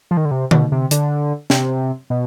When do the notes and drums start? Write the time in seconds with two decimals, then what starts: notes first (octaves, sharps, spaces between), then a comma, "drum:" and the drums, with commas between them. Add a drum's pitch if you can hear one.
0.11 F3
0.17 D#3
0.25 D3
0.31 C3
0.51 B2, drum: tom D3
0.72 C3
0.91 D3, drum: hi-hat
1.50 C3, drum: snare
2.10 B2